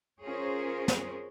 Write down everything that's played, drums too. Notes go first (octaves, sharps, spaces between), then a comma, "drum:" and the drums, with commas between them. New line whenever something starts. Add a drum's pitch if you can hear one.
C#4 F4 G#4 A#4 C5 C#5
drum: snare